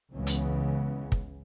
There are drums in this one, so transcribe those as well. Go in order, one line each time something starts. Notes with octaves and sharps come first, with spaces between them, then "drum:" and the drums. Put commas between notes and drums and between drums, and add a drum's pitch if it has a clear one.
C#2 C#3 E3 G#3 B3
drum: hi-hat
drum: kick